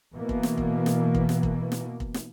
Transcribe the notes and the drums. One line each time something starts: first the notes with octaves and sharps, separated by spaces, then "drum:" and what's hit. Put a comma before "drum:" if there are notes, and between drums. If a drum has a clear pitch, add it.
B2 E3 A#3
drum: kick
drum: snare
drum: kick
drum: snare
drum: kick
drum: snare
drum: kick
drum: snare
drum: kick
drum: snare